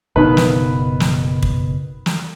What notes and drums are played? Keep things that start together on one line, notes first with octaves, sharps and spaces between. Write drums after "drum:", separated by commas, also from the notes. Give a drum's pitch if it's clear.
F#1 B2 D#3 B3 B4
drum: snare
drum: snare
drum: kick
drum: snare